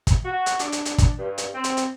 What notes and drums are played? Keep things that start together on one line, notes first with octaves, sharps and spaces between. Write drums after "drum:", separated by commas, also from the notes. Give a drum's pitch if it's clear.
drum: kick, hi-hat
F#4
drum: hi-hat
D4, drum: hi-hat
drum: hi-hat
drum: hi-hat
drum: kick, hi-hat
G2
drum: hi-hat
C4
drum: hi-hat
drum: hi-hat